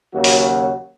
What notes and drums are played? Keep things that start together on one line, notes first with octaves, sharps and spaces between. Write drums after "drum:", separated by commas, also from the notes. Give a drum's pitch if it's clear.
D#2 C#3 F#3 F#4
drum: open hi-hat